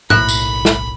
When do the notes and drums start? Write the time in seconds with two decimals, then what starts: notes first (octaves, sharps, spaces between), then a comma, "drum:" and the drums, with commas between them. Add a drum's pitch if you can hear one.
0.10 F#1 B1 A2 A#4 E5 B5 F#6, drum: tom
0.29 drum: tambourine
0.65 drum: snare